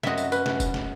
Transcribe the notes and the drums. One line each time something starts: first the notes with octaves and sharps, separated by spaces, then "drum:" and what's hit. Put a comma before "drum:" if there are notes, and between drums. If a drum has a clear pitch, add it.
F#2 C4 F#4 D#5 E5, drum: snare
drum: tambourine
C#4 B4, drum: tambourine
drum: snare
drum: kick, tambourine
drum: snare